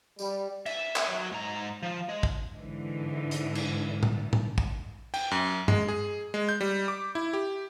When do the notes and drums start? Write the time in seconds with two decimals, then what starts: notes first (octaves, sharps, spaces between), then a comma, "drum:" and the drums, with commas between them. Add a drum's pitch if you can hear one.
0.19 G3, drum: tambourine
0.66 E5, drum: cymbal
0.96 drum: clap
1.08 F#3 F#4
1.32 G#2 A#5
1.83 F3
2.09 G#3
2.23 drum: kick
2.56 G#2 D3 E3
3.31 drum: hi-hat
3.55 drum: cymbal
4.03 drum: tom A2
4.33 drum: tom A2
4.58 drum: kick
5.14 G5, drum: cymbal
5.31 F#2
5.68 G#3, drum: tom G2
5.88 G#4
6.34 G#3
6.49 G6
6.61 G3
6.88 D6
7.15 E4
7.33 G4